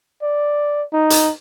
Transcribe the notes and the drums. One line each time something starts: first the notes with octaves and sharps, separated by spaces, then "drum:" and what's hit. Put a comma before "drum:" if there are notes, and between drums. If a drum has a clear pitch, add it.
D5
D#4
drum: hi-hat